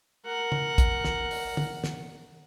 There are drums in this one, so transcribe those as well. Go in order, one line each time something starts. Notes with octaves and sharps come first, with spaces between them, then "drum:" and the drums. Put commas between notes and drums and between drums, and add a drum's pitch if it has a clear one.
A#4 F#5
drum: tom
drum: kick, hi-hat
drum: snare
drum: open hi-hat
drum: tom
drum: snare